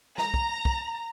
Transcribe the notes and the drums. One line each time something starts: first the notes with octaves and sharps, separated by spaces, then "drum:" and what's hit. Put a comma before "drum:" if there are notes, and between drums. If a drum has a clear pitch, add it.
A#5, drum: snare
drum: kick
drum: kick